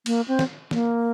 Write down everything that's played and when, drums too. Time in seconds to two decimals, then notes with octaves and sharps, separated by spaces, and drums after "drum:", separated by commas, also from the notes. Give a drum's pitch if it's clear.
0.06 A#3, drum: cymbal
0.28 C4
0.39 drum: snare
0.71 A#3, drum: snare